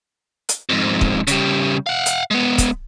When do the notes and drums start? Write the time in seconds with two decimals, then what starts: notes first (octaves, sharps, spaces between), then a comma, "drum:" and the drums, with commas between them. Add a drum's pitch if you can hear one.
0.49 drum: hi-hat
0.69 F2 G#2
1.01 drum: kick
1.27 C#3 G3, drum: hi-hat
1.87 F5 F#5
2.06 drum: hi-hat
2.31 G#3 B3
2.58 drum: kick, hi-hat